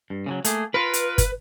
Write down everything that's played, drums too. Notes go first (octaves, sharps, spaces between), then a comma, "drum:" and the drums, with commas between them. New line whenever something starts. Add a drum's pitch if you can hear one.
G2
C#3 E3 F#3
A3 A#3 G#4, drum: hi-hat
F4 A#4 B4
drum: hi-hat
drum: kick, hi-hat